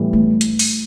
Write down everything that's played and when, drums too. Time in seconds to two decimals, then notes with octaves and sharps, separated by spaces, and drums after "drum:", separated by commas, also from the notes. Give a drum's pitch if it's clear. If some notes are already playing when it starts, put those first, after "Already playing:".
Already playing: A2 E3 G3 B3
0.13 A3
0.41 drum: hi-hat
0.59 drum: open hi-hat